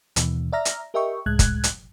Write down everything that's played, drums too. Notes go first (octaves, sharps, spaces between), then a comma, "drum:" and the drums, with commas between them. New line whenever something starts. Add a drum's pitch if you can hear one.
D#2 B2 E3, drum: hi-hat
D5 E5 A#5 F6 A#6
drum: hi-hat
G4 A#4 D#5 E5 G5 C#6
C#2 A2 G#3 F#6 G#6
drum: kick, hi-hat
drum: hi-hat